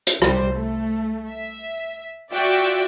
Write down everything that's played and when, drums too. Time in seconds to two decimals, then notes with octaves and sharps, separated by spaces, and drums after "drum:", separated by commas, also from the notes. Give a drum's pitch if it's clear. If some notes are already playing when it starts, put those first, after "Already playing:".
0.07 drum: hi-hat
0.22 C2 G3 C5, drum: rim click
0.54 A3
1.32 E5
2.32 F4 F#4 D5 E5 G5